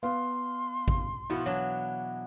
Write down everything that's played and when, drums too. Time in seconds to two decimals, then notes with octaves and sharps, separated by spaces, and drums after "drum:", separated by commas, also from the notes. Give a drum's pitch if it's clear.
0.03 B3 F5 C6
0.88 drum: kick G#1
1.30 B2 F3 B3 E4 F#4
1.46 E3 F#3 D4 C#5